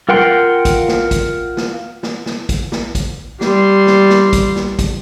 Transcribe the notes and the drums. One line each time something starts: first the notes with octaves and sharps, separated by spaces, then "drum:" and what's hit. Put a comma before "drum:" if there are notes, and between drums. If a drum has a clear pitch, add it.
F4 A#4 F#5 G5 C6
drum: kick, hi-hat
drum: snare
drum: kick, hi-hat
drum: snare
drum: snare
drum: snare
drum: kick, hi-hat
drum: snare
drum: kick, hi-hat
G3 C6, drum: snare
drum: snare
drum: snare
drum: kick, hi-hat
drum: snare
drum: kick, hi-hat